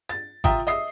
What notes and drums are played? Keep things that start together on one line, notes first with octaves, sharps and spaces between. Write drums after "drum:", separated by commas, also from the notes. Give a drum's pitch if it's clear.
A6
F4 E5 G5 A#5 D#6, drum: kick G#1
D#5 E5 D#6 C7